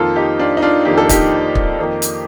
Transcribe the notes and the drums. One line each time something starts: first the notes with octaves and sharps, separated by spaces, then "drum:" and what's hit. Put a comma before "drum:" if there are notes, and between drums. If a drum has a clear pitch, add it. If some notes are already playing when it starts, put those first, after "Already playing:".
Already playing: F2 D#3 A#3 F4 A4
D#4 G4
D4 F4
D#4
D4 F4
F2 D#3 A#3 G4
A4
D#4 G4, drum: kick, hi-hat
drum: kick
F2 D#3 A#3
drum: hi-hat